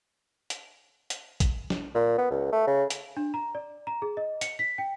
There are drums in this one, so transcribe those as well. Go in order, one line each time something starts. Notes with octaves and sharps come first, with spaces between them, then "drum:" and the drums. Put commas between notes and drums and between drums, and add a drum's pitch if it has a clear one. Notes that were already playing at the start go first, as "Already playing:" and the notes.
drum: hi-hat
drum: hi-hat
drum: kick A#1, hi-hat
drum: snare
A#2
B3
C#2
A3
C#3
drum: hi-hat
D4
A#5
D5
A#5
G#4
D#5
C#7, drum: hi-hat
B6
G5